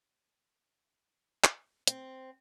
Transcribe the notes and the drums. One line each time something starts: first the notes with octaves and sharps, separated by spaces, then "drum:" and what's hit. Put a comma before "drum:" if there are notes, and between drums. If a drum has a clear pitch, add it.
drum: clap
C4, drum: hi-hat